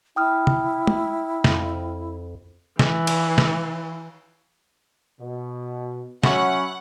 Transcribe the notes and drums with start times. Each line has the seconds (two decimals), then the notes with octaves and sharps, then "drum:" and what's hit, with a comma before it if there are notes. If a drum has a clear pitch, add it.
0.16 E4 G5 D#6 F6
0.47 drum: tom
0.87 drum: tom
1.44 F2, drum: snare
2.79 E3, drum: snare
3.07 drum: cymbal
3.38 drum: snare
5.20 B2
6.24 F#3 C#4 E5 F#5 B5 C#6, drum: snare